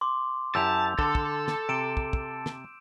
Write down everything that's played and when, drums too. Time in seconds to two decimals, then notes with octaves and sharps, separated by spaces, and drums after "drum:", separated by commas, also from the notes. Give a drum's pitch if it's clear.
0.01 C6 D6
0.55 F#2 E4 G4 A5 E6 G6 F7
0.99 D3 A4, drum: kick
1.15 drum: kick
1.48 drum: snare
1.69 C3 D7 E7
1.97 drum: kick
2.13 drum: kick
2.46 drum: snare